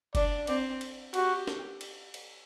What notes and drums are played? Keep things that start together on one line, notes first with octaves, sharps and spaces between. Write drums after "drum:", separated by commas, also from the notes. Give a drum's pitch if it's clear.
D4 D5, drum: kick F#1, cymbal
C4 D5, drum: cymbal
drum: cymbal
F#4 G4, drum: cymbal
drum: snare
drum: cymbal
drum: cymbal